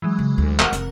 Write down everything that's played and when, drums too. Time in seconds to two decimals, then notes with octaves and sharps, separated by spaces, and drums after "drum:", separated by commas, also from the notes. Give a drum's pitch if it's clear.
0.02 E3 F#3 G#3
0.19 C#3
0.38 D2
0.59 E1 A3 A#4 F#5, drum: clap
0.72 F1, drum: hi-hat